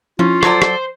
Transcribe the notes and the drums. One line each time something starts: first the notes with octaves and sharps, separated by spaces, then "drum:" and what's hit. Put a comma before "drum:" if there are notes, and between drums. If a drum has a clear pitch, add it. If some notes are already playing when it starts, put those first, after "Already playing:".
F3 C#4 E4 F4
F#3 A4 C5 D5, drum: rim click
drum: rim click